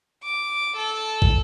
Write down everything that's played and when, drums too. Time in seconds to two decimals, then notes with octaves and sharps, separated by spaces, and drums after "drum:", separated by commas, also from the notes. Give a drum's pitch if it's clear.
0.24 D6
0.77 A4
1.22 drum: kick